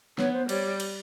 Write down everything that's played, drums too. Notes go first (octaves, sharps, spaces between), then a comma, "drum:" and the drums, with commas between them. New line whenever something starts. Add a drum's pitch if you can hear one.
B3 C#5, drum: snare
C5
G3 C#5, drum: cymbal
drum: cymbal